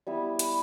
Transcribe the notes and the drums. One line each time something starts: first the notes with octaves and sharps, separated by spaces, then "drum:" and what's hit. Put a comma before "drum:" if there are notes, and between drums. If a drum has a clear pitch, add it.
G3 B3 E4
drum: hi-hat